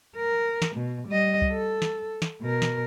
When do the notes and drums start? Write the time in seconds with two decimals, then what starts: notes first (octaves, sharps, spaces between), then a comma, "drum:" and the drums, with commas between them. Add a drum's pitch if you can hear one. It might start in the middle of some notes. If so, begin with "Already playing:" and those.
0.17 A#4
0.62 drum: snare
0.75 B2
1.08 G3 D#5
1.42 drum: kick C2
1.52 A4
1.82 drum: snare
2.22 drum: snare
2.42 B2 A#4
2.62 drum: snare